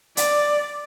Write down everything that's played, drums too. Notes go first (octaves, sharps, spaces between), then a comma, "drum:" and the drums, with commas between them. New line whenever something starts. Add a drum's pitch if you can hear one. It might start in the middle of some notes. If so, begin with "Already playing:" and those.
D5, drum: hi-hat